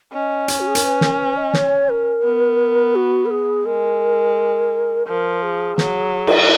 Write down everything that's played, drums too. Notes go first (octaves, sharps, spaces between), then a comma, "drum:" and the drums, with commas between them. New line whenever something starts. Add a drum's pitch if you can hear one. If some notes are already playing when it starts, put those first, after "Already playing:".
C#4 D#5
C#5, drum: hi-hat
F#4
G#4
A#4, drum: hi-hat
B4
A#4, drum: snare
B4
D#5
C#5, drum: snare
A#4
B3
F#4
A#4
G#4
G#3 A#4
F3 A#4
G#4
F#3, drum: snare
drum: cymbal